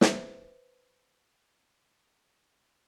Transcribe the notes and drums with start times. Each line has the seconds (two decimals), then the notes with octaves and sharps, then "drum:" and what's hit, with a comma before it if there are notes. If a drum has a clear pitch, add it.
0.01 B4 C5 E5, drum: snare